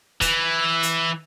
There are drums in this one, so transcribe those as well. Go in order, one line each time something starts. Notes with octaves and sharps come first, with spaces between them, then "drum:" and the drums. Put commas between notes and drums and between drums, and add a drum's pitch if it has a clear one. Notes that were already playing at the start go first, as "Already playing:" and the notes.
E3, drum: kick, hi-hat
drum: hi-hat